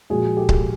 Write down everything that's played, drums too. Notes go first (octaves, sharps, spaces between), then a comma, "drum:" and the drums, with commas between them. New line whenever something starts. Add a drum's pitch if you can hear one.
A#2 F3 G#3 F#4 G#4
G4 A4
drum: kick C#1